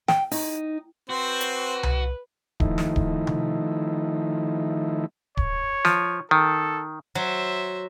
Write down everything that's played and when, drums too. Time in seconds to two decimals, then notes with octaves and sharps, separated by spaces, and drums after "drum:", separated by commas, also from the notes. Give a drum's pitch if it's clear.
0.08 G5, drum: snare
0.31 D#4, drum: open hi-hat
1.09 C4 F#4 B4 C5
1.41 drum: hi-hat
1.83 drum: tom C2
2.60 D#3 F3 A3 D#4 E4, drum: kick D1
2.78 drum: snare
2.96 drum: kick D1
3.27 drum: tom C3
5.37 C#5, drum: kick D1
5.85 F3, drum: snare
6.31 D#3 A4
7.15 F#3 C5 E5